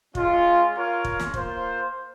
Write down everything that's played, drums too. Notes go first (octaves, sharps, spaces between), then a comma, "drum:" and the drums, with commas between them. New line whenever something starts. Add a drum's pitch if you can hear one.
G#3 C#4 F4, drum: kick
F4 A#4 C#5 F5
drum: kick
drum: snare
A#3 F4 C5, drum: kick